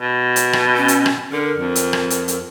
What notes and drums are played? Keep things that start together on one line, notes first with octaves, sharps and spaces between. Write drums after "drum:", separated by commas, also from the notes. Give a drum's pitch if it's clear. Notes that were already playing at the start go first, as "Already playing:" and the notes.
B2
drum: hi-hat
drum: rim click
C#4
drum: hi-hat
drum: rim click
D3 A#4
F2
drum: hi-hat
drum: rim click
drum: hi-hat
drum: hi-hat